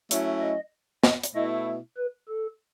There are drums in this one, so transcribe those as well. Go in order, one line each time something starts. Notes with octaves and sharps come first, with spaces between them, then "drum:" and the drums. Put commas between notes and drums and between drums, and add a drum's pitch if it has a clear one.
F#3 A3 C#4 E4, drum: hi-hat
D#5
D#5, drum: snare
drum: hi-hat
B2 A3 E4 D#5
B4
A4